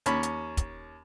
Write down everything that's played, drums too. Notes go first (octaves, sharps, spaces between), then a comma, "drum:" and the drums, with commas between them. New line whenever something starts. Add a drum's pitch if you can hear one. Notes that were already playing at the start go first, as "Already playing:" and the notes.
D#2 C#4 C#5 B5, drum: hi-hat
drum: hi-hat
drum: kick, hi-hat